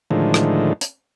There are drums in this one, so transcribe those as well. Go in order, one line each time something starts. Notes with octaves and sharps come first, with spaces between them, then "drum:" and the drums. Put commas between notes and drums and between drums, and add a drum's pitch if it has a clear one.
A2 D3 D#3 F3 G#3
drum: rim click
drum: hi-hat